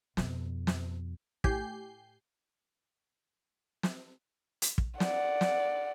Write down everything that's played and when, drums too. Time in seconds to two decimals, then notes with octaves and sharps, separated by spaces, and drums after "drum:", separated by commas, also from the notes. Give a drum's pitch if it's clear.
0.17 F2 B2, drum: snare
0.67 drum: snare
1.44 A2 G4 G#5 G6 C7, drum: kick
3.83 drum: snare
4.62 drum: hi-hat
4.78 drum: kick
5.00 D5 F#5, drum: snare
5.41 drum: snare